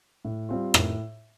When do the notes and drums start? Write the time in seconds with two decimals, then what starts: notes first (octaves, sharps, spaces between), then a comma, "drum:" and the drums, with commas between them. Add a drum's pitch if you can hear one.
0.25 A2
0.49 G3 C4 F4
0.74 A2, drum: rim click